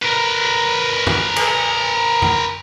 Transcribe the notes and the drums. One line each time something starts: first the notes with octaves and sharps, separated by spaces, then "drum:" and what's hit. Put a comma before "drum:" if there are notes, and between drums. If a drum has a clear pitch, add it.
A#4 B4
drum: tom F#2
drum: cymbal
drum: tom F#2